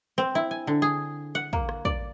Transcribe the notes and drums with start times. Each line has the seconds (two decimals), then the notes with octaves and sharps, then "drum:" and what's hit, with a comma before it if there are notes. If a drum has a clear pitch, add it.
0.18 C4
0.35 E4
0.51 G#5
0.67 D3
0.82 G#4
1.35 F#5
1.53 A#3, drum: kick
1.69 drum: rim click
1.85 D5, drum: kick